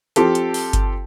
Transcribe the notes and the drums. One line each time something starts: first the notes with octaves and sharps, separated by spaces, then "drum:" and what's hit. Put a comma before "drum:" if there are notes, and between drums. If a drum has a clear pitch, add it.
F3 C4 G4 A4, drum: hi-hat
drum: hi-hat
drum: open hi-hat
drum: kick G1, hi-hat